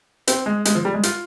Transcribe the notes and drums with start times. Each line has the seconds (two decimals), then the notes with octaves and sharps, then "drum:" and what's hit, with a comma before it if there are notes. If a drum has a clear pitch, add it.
0.27 C4, drum: hi-hat
0.46 G#3
0.65 G#3, drum: hi-hat
0.75 F3
0.85 G3
0.94 G#3
1.03 F4, drum: hi-hat